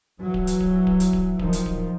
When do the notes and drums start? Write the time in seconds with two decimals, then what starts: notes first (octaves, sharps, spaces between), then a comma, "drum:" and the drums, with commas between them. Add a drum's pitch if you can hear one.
0.20 E3 F#3
0.34 drum: kick D1
0.47 drum: hi-hat
0.60 drum: kick D1
0.87 drum: kick D1
1.00 drum: hi-hat
1.13 drum: kick D1
1.39 D#3 F3, drum: kick D1
1.53 drum: hi-hat
1.66 drum: kick D1